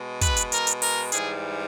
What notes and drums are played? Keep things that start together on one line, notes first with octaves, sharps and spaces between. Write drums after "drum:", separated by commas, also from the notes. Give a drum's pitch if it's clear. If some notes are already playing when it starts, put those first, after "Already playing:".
Already playing: B2 G#3
B4, drum: kick, hi-hat
drum: hi-hat
A#4, drum: hi-hat
drum: hi-hat
A#4, drum: open hi-hat
G#2 E3 G3 G#4, drum: hi-hat